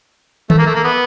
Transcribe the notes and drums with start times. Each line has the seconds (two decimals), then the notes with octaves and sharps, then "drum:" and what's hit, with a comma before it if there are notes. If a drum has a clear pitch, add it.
0.50 A3, drum: tom D#3
0.58 A#3
0.66 A3
0.75 A#3
0.84 B3